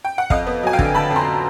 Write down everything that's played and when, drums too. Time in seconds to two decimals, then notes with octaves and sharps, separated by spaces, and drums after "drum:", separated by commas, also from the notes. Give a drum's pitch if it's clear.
0.04 G5
0.18 F#5
0.30 F2 D#5 F5, drum: kick
0.47 B3
0.63 F#3 G#5
0.73 F5 G5
0.79 D3, drum: kick
0.94 D3 A5 B5
1.11 F2
1.16 A#5 C6